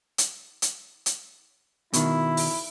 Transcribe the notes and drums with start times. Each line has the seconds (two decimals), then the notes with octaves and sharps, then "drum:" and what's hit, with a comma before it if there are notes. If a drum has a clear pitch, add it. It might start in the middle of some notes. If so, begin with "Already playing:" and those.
0.18 drum: hi-hat
0.62 drum: hi-hat
1.06 drum: hi-hat
1.93 B2 D#3 E4, drum: hi-hat
2.37 drum: open hi-hat